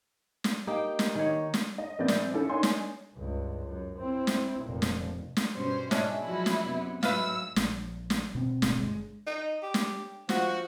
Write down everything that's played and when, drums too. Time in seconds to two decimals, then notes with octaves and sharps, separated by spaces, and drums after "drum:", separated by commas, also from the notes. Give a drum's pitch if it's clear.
0.44 drum: snare
0.67 A#3 D#4 G4
0.99 drum: snare
1.15 D#3 C#5
1.54 drum: snare
1.78 D#5
1.99 A#1 A#3 C4 B4 D5 G6
2.08 drum: snare
2.34 C#4 E4 A4
2.49 D4 D#4 A#4 C#5 G#5 C6
2.63 drum: snare
3.14 C#2 G2
3.67 F#2
3.99 C4 E4
4.27 drum: snare
4.62 F1 A#2
4.82 drum: snare
5.37 drum: snare
5.55 G2 B2 C#4 C5
5.91 G#2 G#3 C#4 D4 E5, drum: snare
6.24 F3 F#3 E4 F#4
6.46 drum: snare
6.65 F#2 C3 B3
7.03 G#2 F#3 A3 B4 E5 F5 E6, drum: snare
7.56 A#1, drum: snare
8.10 drum: snare
8.35 B2 C4
8.62 D1, drum: snare
8.77 G1 G#3
9.27 D#4
9.63 G4
9.74 drum: snare
10.29 F3 F#4, drum: snare